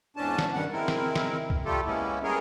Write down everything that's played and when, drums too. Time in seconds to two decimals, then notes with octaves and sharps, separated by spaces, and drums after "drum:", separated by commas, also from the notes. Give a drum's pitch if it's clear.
0.17 E2 G#2 E3 C#4 D4 A5
0.39 drum: snare
0.53 G2 D#3 G3 F#5
0.72 G#3 C4 E4 A#4
0.88 drum: snare
1.16 drum: snare
1.50 drum: kick C2
1.65 G3 A3 F4 G4 A4
1.86 G#3 A#3 B3 C#4 E4
2.23 G3 B3 G#4 A#4 C#5